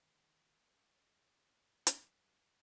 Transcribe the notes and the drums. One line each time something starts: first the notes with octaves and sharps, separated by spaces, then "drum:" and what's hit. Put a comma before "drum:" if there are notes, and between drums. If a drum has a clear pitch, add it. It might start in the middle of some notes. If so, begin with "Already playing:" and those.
D#3
G#4 C#5
F#2 G3, drum: hi-hat